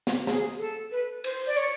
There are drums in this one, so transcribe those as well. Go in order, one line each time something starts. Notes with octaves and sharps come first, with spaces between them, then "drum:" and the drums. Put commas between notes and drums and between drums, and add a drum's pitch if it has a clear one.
drum: snare
G#4, drum: snare
A4
B4
C5, drum: cymbal
D5
C#5, drum: hi-hat